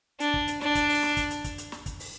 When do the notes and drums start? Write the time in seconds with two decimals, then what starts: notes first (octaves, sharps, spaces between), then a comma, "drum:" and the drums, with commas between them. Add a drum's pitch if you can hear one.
0.20 D4, drum: hi-hat
0.34 drum: kick
0.48 drum: hi-hat
0.61 D4, drum: snare
0.75 drum: kick, hi-hat
0.89 drum: open hi-hat
1.03 drum: snare
1.17 drum: kick, hi-hat
1.31 drum: hi-hat
1.44 drum: kick, hi-hat
1.58 drum: hi-hat
1.72 drum: snare
1.86 drum: kick, hi-hat
2.00 drum: open hi-hat